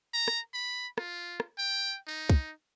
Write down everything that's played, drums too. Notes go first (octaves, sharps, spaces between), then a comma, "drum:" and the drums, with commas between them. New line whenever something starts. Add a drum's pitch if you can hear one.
A#5
drum: rim click
B5
F4, drum: rim click
drum: rim click
G5
D#4
drum: kick